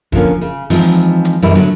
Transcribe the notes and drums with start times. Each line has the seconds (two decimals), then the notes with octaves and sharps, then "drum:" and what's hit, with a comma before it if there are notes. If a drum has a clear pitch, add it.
0.12 D3 F3 G#3 A#3 C#4, drum: kick E1
0.41 C#3
0.70 E3 F3 G#3 C4 D#4, drum: open hi-hat
1.25 drum: hi-hat
1.42 F#2 B2 D3 E3 G3 E4
1.55 A2 D3 F#3 B3